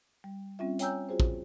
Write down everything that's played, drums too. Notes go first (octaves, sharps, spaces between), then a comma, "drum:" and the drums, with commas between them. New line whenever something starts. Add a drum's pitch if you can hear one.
G3
G3 C4 C#4 F4 E5
C#5 G5 G#5 A#5 E6 G6, drum: hi-hat
F4 F#4 G#4 C5
drum: kick